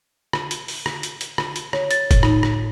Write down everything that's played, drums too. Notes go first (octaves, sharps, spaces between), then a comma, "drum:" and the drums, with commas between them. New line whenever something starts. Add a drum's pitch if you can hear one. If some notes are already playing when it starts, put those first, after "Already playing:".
drum: rim click
drum: hi-hat
drum: open hi-hat
drum: rim click
drum: hi-hat
drum: hi-hat
drum: rim click
drum: hi-hat
C#5, drum: rim click
A6, drum: hi-hat
A2, drum: kick, hi-hat
D#4, drum: rim click
drum: rim click